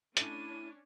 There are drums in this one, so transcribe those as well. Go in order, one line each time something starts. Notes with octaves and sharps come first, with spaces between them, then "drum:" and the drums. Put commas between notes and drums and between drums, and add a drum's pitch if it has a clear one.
A3 C#4 D4 E4 D#7, drum: hi-hat